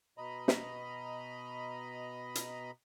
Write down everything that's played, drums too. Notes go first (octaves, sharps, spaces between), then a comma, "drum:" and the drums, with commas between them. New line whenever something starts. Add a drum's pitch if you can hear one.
B2 D#5 A#5 B5
drum: snare
drum: hi-hat